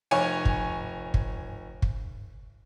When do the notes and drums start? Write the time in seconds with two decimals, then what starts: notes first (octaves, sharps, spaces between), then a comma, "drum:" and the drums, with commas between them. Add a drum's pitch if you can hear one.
0.11 F1 C#5 G#5
0.45 drum: kick
1.14 drum: kick
1.82 drum: kick